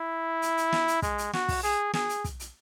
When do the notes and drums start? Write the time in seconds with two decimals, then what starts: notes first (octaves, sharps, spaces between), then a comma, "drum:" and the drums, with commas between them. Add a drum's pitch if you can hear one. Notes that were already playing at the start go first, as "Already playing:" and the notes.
Already playing: E4
0.42 drum: hi-hat
0.57 drum: hi-hat
0.72 drum: snare
0.88 drum: hi-hat
1.02 G#3, drum: kick, hi-hat
1.18 drum: hi-hat
1.33 F#4, drum: snare
1.48 drum: kick, open hi-hat
1.63 G#4, drum: hi-hat
1.93 G#4, drum: snare
2.09 drum: hi-hat
2.24 drum: kick, hi-hat
2.40 drum: hi-hat